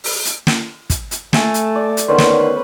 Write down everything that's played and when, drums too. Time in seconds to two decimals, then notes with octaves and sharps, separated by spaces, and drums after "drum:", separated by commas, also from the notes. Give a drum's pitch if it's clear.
0.04 drum: open hi-hat
0.25 drum: hi-hat
0.47 drum: snare
0.90 drum: kick, hi-hat
1.11 drum: hi-hat
1.33 A3 A4 G#5 A5, drum: snare
1.54 drum: hi-hat
1.75 D5
1.97 drum: hi-hat
2.08 D3 D#3 B3 C#4 B4 C5
2.18 drum: snare